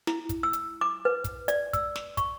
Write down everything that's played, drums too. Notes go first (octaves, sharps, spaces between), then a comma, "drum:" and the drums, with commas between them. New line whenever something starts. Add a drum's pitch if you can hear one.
E4, drum: snare
drum: kick, hi-hat
E6
drum: hi-hat
D6
B4
drum: kick, hi-hat
D5, drum: hi-hat
E6, drum: kick, hi-hat
drum: snare
C#6, drum: kick, hi-hat